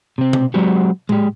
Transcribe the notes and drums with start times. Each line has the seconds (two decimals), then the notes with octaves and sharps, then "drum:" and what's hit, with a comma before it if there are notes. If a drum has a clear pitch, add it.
0.18 C3 C4
0.33 drum: tom B2
0.54 F#3 G#3 C4 F#4 G4
1.09 G#3 G4, drum: tom A2